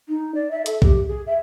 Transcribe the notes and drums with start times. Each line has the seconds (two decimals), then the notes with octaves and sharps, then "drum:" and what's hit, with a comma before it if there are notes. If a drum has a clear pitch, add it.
0.08 D#4
0.34 D5
0.51 E5
0.66 A4, drum: hi-hat
0.82 G4, drum: kick
1.07 G#4
1.26 E5